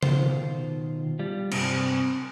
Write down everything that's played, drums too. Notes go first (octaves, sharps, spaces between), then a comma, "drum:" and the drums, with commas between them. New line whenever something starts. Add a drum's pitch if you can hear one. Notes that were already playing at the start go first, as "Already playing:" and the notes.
B2 D#3 F4 C5, drum: tom
G3 F4
G2 C3 C4, drum: cymbal